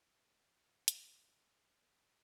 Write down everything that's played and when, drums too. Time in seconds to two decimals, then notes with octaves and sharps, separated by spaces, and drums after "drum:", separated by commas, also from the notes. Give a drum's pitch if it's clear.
0.20 F2 C#3 G#3 D#5
0.30 F5
0.42 F#5
0.54 F#5
0.62 F5
0.71 F#5
0.88 D#5, drum: hi-hat
1.23 C#6
1.30 B5
1.39 A#5
1.48 G#5
1.56 B1 A#2 G#3 D#5
1.65 B4
1.73 C#5
1.82 D#5
1.91 B5
1.99 C#6
2.07 D#5